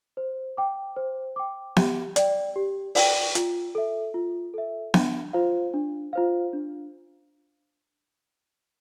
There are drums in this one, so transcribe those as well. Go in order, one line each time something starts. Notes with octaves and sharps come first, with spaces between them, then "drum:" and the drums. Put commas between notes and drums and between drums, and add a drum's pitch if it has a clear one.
C5
G5 D6
C5
G5 D6
G4, drum: snare B3
D5 G5, drum: hi-hat
G4
D5 G5, drum: open hi-hat
F4, drum: hi-hat
A4 E5
F4
A4 E5
D4, drum: snare B3
F4 C5 F5
D4
F4 C5 F5
D4